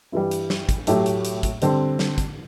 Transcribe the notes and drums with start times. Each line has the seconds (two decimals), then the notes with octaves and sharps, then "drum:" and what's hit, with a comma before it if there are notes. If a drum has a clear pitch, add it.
0.12 G2 E3 G3 E4
0.31 drum: hi-hat
0.50 drum: snare
0.69 drum: kick, hi-hat
0.87 A2 F#3 A3 G4, drum: hi-hat
1.06 drum: hi-hat
1.25 drum: hi-hat
1.43 drum: kick, hi-hat
1.62 D3 G3 C4, drum: hi-hat
1.99 drum: snare
2.18 drum: kick, hi-hat